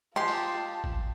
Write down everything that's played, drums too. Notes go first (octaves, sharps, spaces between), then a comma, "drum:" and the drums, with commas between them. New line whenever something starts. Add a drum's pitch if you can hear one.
G#3 F4 G4 A5 C6
drum: open hi-hat
drum: kick A1